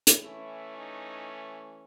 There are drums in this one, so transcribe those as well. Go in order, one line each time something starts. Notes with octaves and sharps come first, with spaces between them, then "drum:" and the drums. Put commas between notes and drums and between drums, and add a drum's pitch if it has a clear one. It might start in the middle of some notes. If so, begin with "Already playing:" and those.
drum: hi-hat
E3 A3 C#4 E4
D#4